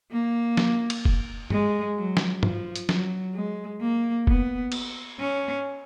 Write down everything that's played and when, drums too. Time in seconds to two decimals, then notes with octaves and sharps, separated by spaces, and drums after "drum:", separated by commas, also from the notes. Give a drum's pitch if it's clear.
0.12 A#3
0.57 drum: snare
0.90 drum: cymbal
1.05 drum: kick F1
1.50 G#3, drum: tom G2
1.97 F#3
2.17 drum: snare
2.43 F3, drum: tom G2
2.76 drum: hi-hat
2.89 F#3, drum: snare
3.35 G#3
3.81 A#3
4.27 B3, drum: kick F1
4.72 drum: cymbal
5.20 C#4